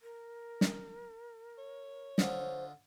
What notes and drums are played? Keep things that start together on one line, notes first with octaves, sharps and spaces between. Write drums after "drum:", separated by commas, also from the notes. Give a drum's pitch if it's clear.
A#4
drum: snare
C#5
D3 F4 C5 D#5, drum: snare